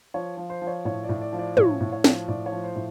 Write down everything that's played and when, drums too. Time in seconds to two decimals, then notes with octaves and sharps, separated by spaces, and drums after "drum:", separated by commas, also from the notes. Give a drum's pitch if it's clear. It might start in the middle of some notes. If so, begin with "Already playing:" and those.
0.14 F3 C#5
0.37 F3
0.50 C5
0.62 F3
0.67 C#5
0.85 A2 C#5
1.03 D5
1.09 A2
1.21 D5
1.33 F3
1.39 D5
1.57 A2 C#5, drum: tom
1.81 A2
1.92 C#5
2.04 F3, drum: snare
2.28 A2 D5
2.46 C#5
2.52 F3
2.64 C5
2.76 A2